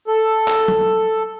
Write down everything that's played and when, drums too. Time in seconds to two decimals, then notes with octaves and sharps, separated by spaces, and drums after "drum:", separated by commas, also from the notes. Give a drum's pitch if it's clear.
0.08 A4
0.48 drum: clap
0.68 drum: tom